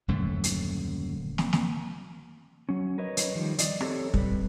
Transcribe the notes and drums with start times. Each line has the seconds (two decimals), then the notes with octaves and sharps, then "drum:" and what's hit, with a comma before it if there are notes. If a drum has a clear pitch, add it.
0.08 D#1 F#2 D3 A3
0.44 drum: hi-hat
1.38 drum: snare
1.53 drum: snare
2.69 F#3 C#4
2.98 A#4 B4 C#5 D#5
3.17 drum: hi-hat
3.35 D#3 F3 G3
3.59 D5 D#5, drum: hi-hat
3.81 C4 G4 A4 C#5, drum: rim click
4.14 G3 B4, drum: kick